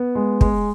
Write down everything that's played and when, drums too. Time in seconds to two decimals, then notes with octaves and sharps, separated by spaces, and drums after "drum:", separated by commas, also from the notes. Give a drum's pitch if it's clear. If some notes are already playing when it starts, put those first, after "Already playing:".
Already playing: B3
0.15 G#3
0.41 G#3, drum: kick